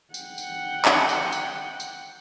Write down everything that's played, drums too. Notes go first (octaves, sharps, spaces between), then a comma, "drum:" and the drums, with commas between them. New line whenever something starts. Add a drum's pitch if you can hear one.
F#5 G5, drum: tambourine
drum: tambourine
drum: clap
drum: tambourine
drum: tambourine
drum: tambourine